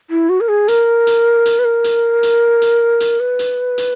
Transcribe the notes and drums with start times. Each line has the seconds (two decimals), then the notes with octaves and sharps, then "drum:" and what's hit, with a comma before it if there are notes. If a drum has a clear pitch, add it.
0.10 E4
0.29 F#4
0.41 A#4
0.48 G#4
0.68 A#4, drum: hi-hat
1.07 drum: hi-hat
1.46 drum: hi-hat
1.59 B4
1.65 A#4
1.84 drum: hi-hat
2.23 drum: hi-hat
2.62 drum: hi-hat
3.00 drum: hi-hat
3.20 B4
3.39 drum: hi-hat
3.78 drum: hi-hat